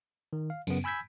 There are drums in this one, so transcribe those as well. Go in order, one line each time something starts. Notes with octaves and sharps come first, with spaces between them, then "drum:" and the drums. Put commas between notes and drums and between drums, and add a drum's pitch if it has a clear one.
D#3
F5
F#2 C#3 B3, drum: tambourine
G#5 B5 E6 G6 G#6 B6